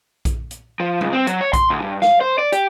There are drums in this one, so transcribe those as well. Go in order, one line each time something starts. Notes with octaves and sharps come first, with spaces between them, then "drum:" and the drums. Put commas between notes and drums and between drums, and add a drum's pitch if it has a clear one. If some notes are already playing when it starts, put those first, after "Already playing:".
drum: kick A#1, hi-hat
drum: hi-hat
F3
C#2, drum: tom F#3
C4
F#3, drum: hi-hat
C#5
C6, drum: kick A#1, hi-hat
D2
G2
F5, drum: snare
C5
D5
G4, drum: hi-hat